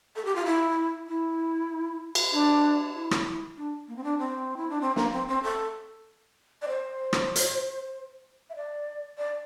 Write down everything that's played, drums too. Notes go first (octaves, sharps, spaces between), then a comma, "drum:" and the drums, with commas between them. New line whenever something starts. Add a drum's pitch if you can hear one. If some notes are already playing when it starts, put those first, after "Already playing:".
A4
G4
F4
E4
E4
drum: cymbal
D4
E4
drum: rim click
D4
A#3
C4
D4
C4
E4
D4
C4
A#3, drum: snare
C4
C4
A4
D5
C5
drum: rim click
drum: hi-hat
E5
D5
D5